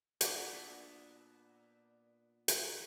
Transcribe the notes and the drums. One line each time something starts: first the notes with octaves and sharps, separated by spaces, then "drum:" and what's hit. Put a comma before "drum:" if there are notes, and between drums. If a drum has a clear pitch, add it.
A#2 B3 D4 F#4 D5, drum: hi-hat
drum: hi-hat